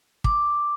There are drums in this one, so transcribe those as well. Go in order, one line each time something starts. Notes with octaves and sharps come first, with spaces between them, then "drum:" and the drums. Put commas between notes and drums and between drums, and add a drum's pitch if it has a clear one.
D6, drum: kick